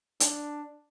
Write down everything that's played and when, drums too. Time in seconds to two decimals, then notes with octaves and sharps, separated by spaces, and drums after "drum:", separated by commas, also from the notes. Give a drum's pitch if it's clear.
0.20 D4, drum: hi-hat